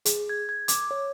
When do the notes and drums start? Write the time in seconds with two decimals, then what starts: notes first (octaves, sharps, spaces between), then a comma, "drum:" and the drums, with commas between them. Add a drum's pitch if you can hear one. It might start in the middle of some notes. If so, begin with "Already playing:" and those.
0.05 G#4, drum: hi-hat
0.29 G#6
0.49 G#6
0.68 D6, drum: hi-hat
0.91 C#5